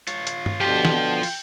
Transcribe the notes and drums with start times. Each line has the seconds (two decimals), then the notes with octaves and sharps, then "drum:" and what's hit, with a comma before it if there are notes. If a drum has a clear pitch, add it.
0.07 F4 C#5, drum: hi-hat
0.27 drum: hi-hat
0.46 drum: tom G2
0.61 B2 D3 F3 G4 C5
0.85 drum: snare
0.96 G5
1.23 drum: open hi-hat